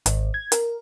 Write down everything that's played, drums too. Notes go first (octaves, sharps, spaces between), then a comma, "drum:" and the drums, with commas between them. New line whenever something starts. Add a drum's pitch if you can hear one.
G#1, drum: hi-hat
G#6
A#4, drum: hi-hat